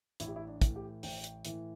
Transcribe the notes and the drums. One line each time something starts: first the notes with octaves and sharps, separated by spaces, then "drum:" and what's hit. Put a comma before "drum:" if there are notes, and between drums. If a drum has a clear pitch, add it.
A1 E4, drum: hi-hat
G4
E4
D4
A2 E3, drum: kick, hi-hat
G4
A1 G5, drum: open hi-hat
drum: hi-hat
A2 E3, drum: hi-hat